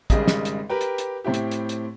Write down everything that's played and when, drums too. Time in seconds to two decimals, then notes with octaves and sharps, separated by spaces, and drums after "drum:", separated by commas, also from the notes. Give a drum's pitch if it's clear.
0.10 G#1 C#3 G3 G#3 G#4 D#5, drum: kick, hi-hat
0.28 drum: snare
0.45 drum: hi-hat
0.70 G4 A#4 B4 G5
0.81 drum: hi-hat
0.98 drum: hi-hat
1.24 A2 C4 E4 G4
1.34 drum: hi-hat
1.51 drum: hi-hat
1.69 drum: hi-hat